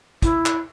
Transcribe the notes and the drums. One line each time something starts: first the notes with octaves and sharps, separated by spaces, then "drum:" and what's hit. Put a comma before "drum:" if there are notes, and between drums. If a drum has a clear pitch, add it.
E4, drum: kick, hi-hat
drum: clap